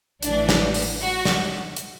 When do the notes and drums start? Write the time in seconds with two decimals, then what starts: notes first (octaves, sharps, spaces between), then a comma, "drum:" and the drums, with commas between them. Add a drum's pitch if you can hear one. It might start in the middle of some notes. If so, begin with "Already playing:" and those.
0.23 A1 A2 E3 D4, drum: hi-hat
0.49 drum: snare
0.74 drum: open hi-hat
1.00 F#4
1.25 drum: snare
1.77 drum: hi-hat